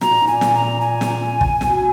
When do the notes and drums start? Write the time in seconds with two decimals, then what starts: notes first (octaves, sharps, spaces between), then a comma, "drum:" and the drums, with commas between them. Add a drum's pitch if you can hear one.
0.01 B2 A#5, drum: snare
0.11 A#2
0.21 G#2
0.27 A#2 G#5
0.41 drum: snare
0.55 A#5
0.81 G#5
1.01 drum: snare
1.41 drum: kick
1.61 B2, drum: snare